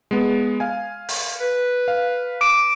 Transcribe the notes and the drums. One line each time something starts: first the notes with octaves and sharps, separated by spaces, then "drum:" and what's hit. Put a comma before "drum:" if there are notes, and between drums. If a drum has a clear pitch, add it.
G#3 B3
F5 G#5
drum: open hi-hat
B4
F5
D6 D7